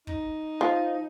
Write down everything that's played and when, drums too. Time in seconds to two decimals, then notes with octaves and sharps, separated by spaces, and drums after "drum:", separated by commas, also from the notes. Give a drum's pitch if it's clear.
0.07 D#4, drum: kick
0.61 F3